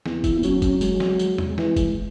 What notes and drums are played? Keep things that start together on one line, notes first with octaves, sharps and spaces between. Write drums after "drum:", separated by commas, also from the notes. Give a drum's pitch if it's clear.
E2, drum: snare
E4, drum: kick F1, tambourine
E3 B3
F#3 C#4, drum: tambourine
C#4, drum: kick F1, tambourine
G#3, drum: tambourine
drum: snare
drum: tambourine
drum: tom E2
E3, drum: snare
drum: kick F1, tambourine